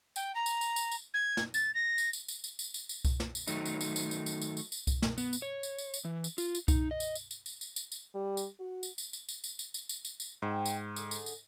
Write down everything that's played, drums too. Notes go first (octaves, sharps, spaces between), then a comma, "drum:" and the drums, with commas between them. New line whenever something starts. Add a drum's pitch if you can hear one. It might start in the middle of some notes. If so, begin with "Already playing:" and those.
G5, drum: tambourine
A#5
drum: tambourine
drum: tambourine
drum: tambourine
drum: tambourine
G#6
drum: snare
A6, drum: tambourine
A#6
drum: tambourine
drum: tambourine
drum: tambourine
drum: tambourine
drum: tambourine
drum: tambourine
drum: tambourine
drum: kick C2, tambourine
drum: snare
drum: tambourine
D#3 F#3 A3 D#4, drum: tambourine
drum: tambourine
drum: tambourine
drum: tambourine
drum: tambourine
drum: tambourine
drum: tambourine
drum: tambourine
drum: tambourine
drum: kick C2, tambourine
drum: snare
B3, drum: tambourine
drum: tambourine
C#5
drum: tambourine
drum: tambourine
drum: tambourine
E3
drum: tambourine
F4, drum: tambourine
drum: tambourine
D#4, drum: kick C2, tambourine
D#5
drum: tambourine
drum: tambourine
drum: tambourine
drum: tambourine
drum: tambourine
drum: tambourine
drum: tambourine
G3
drum: tambourine
F#4
drum: tambourine
drum: tambourine
drum: tambourine
drum: tambourine
drum: tambourine
drum: tambourine
drum: tambourine
drum: tambourine
drum: tambourine
drum: tambourine
G#2 G#3 C4
drum: tambourine
D3 G#4, drum: tambourine
drum: tambourine
drum: tambourine